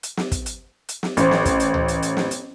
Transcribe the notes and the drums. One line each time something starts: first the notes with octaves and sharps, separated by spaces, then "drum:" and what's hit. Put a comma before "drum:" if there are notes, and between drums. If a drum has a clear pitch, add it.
drum: hi-hat
drum: snare
drum: kick, hi-hat
drum: hi-hat
drum: hi-hat
drum: snare
A1 C5, drum: hi-hat
drum: snare
drum: kick, hi-hat
drum: hi-hat
drum: tom C#2
drum: hi-hat
drum: hi-hat
drum: snare
drum: hi-hat